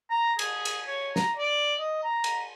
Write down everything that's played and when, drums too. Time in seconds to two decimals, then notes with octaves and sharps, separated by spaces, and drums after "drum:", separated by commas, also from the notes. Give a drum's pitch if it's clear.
0.10 A#5
0.39 G#4, drum: cymbal
0.65 drum: cymbal
0.88 C#5
1.16 A#5, drum: snare
1.37 D5
1.80 D#5
2.03 A#5
2.24 drum: cymbal